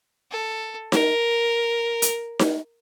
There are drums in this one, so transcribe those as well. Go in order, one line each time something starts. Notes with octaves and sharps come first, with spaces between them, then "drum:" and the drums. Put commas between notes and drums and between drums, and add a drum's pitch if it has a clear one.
A4
A#4, drum: snare D#4
drum: hi-hat
drum: snare D#4